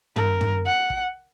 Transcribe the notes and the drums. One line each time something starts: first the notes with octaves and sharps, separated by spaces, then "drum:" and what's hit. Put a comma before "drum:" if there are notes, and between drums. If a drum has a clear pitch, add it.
A#4, drum: tom
drum: tom
F#5
drum: kick